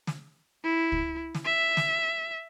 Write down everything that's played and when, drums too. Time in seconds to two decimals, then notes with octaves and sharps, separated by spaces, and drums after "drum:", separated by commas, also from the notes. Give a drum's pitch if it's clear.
0.07 drum: snare
0.64 E4
0.92 drum: kick C#2
1.35 drum: snare
1.45 E5
1.77 drum: snare